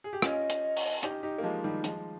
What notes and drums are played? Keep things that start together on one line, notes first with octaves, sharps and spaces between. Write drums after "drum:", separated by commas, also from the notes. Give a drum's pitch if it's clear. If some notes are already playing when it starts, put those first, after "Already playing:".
G#4
G4
C#4 F4 D#5, drum: rim click
drum: hi-hat
drum: open hi-hat
D#4 G4, drum: hi-hat
D#4 G4
A#3
F3 G#3
D#3 G3
F3 G#3, drum: hi-hat